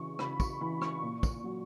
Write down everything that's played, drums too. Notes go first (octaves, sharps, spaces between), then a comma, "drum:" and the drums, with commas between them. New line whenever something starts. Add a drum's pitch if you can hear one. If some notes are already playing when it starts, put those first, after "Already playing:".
Already playing: C#3 E3 C#6
C#3 B5, drum: rim click
C#6, drum: kick, tambourine
E3 B5
C#6, drum: rim click
A#2
drum: kick, tambourine
F#3